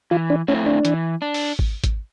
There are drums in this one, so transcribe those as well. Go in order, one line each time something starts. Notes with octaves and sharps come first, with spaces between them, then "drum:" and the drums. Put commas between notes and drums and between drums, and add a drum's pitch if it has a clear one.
E3 F4
D4
A3 C4 C#4 E4
D4
E3, drum: hi-hat
D4
drum: open hi-hat
drum: kick G#1
drum: kick G#1, hi-hat